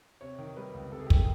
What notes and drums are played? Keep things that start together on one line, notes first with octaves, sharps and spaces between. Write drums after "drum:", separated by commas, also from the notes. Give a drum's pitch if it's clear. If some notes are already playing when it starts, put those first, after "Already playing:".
C3 C#5
D#3
G3 B4
C#2
C3 A4
G#4
G4
D#3 G#4, drum: kick